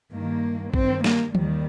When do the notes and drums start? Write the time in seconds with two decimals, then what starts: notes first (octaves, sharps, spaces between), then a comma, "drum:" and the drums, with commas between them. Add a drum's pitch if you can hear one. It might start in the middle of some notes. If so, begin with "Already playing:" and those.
0.13 G2 D#3 A#3
0.74 G2 D#3 C4, drum: kick A1
1.04 A#3, drum: snare
1.35 D#2 D#3 G3, drum: tom E3